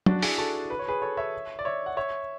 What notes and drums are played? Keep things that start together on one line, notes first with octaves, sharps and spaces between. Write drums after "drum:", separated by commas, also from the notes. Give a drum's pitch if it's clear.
D4 F#4, drum: tom
E4 G#4, drum: open hi-hat
F#4 A4
B4
C#5
G#4 B4
A4 C#5
C#5 E5
D5
C#5 E5
F#5
C#5 E5